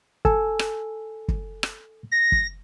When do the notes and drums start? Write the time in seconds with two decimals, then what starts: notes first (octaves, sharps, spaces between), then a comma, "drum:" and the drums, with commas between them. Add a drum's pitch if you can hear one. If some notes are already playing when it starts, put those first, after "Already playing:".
0.25 A4 G#5 E6, drum: kick
0.59 drum: rim click
1.28 drum: kick
1.63 drum: rim click
2.11 A#6
2.32 drum: kick